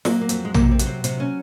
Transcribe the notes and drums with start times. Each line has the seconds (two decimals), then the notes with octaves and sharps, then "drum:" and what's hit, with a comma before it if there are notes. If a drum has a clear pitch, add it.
0.05 F#3 A#3, drum: snare
0.21 A#3
0.29 F2 C4, drum: hi-hat
0.45 G#3
0.54 C3 A#3, drum: tom A#1
0.71 C4
0.79 F#3, drum: hi-hat
0.87 C4
1.04 C3 C4, drum: hi-hat
1.20 C#4